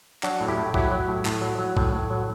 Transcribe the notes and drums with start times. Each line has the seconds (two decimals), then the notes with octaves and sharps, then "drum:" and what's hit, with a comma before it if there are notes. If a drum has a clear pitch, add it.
0.23 F#3 D4 F#4, drum: clap
0.41 A2
0.48 E4 G4, drum: tom E2
0.57 A2
0.74 F#3 E4 G4, drum: kick
0.92 F#3
1.08 A2
1.25 A2, drum: clap
1.42 F#3
1.59 F#3
1.77 A2, drum: kick
1.93 A2
2.10 F#3